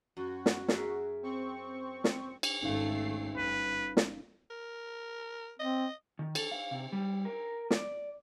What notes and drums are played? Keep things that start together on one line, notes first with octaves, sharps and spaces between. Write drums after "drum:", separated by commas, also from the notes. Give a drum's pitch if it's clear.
F#2 F#4
drum: snare
G#4 A#4 E5, drum: snare
C4 C#6
drum: snare
drum: cymbal
G#1 A3 C#4 D#4 F5 C7
G1 B4
drum: snare
A#4
C4 D#5
D#3
A4, drum: cymbal
F5
C3
G3
A#4
D5, drum: snare